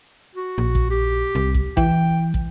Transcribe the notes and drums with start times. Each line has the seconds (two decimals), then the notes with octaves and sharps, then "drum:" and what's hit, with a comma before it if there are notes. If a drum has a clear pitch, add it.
0.35 F#4
0.58 A#1
0.75 drum: kick
0.91 G4
1.35 C2
1.54 drum: kick
1.77 E3 G5, drum: kick
2.34 drum: kick